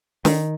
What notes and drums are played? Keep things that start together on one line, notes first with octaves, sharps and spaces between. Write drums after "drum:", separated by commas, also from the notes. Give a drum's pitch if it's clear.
D#3, drum: snare